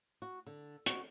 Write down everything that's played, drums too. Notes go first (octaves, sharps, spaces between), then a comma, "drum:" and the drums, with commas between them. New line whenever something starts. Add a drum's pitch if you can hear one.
F#4
D3
F#4, drum: hi-hat